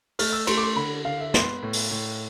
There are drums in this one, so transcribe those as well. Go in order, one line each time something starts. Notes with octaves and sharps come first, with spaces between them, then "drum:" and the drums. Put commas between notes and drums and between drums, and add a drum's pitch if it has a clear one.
A3 F6, drum: open hi-hat
E6
A3 C6, drum: cymbal
D6
C6
D3 B5
D3 F5
E5
B3 C6, drum: snare
A2
drum: open hi-hat
A2